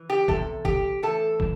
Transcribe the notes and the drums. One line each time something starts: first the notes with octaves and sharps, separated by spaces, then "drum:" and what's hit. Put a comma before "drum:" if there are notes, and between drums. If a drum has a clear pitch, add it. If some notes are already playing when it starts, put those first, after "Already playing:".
Already playing: E3
G4
E2 C3 A4, drum: kick
G4, drum: kick
A2 E3 A4
drum: kick